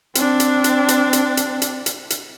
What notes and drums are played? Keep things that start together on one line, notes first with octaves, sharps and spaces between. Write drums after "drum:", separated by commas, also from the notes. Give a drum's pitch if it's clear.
C4 D4, drum: hi-hat
drum: hi-hat
drum: hi-hat
drum: hi-hat
drum: hi-hat
drum: hi-hat
drum: hi-hat
drum: hi-hat
drum: hi-hat